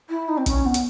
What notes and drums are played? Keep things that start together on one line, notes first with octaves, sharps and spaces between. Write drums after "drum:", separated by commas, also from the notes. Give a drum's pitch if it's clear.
E4
D#4
C4
C#4, drum: kick, hi-hat
B3
drum: hi-hat